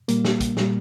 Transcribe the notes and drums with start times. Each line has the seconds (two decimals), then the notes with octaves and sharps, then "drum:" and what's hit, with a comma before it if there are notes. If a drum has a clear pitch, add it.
0.08 A#2 G3 A#3, drum: hi-hat
0.25 drum: snare
0.40 drum: kick, hi-hat
0.57 A#2 G3, drum: snare